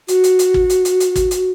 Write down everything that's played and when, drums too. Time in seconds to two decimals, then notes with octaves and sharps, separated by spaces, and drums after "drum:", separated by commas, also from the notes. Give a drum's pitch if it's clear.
0.08 F#4, drum: hi-hat
0.24 drum: hi-hat
0.39 drum: hi-hat
0.54 drum: kick
0.70 drum: hi-hat
0.85 drum: hi-hat
1.00 drum: hi-hat
1.16 drum: kick, hi-hat
1.31 drum: hi-hat